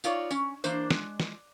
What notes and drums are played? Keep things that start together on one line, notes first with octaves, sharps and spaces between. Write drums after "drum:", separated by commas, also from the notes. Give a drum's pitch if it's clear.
D#4 F4 C#5 D5, drum: tambourine
C#4, drum: tambourine
E3 A#3 D4 C5, drum: tambourine
G#3, drum: snare
drum: snare